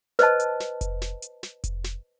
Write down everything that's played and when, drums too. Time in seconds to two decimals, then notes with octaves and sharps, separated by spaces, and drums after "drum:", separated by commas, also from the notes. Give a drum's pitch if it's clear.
0.19 B4 C5 D#5 A5, drum: snare
0.40 drum: hi-hat
0.60 drum: snare
0.81 drum: kick F1, hi-hat
1.02 drum: snare
1.22 drum: hi-hat
1.43 drum: snare
1.64 drum: kick F1, hi-hat
1.84 drum: snare